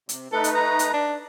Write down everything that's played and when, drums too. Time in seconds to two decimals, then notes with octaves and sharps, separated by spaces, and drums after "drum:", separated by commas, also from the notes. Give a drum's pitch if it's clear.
0.09 C3, drum: hi-hat
0.33 A3 D#4 A4 B4
0.44 drum: hi-hat
0.55 A#5
0.79 drum: hi-hat
0.94 D4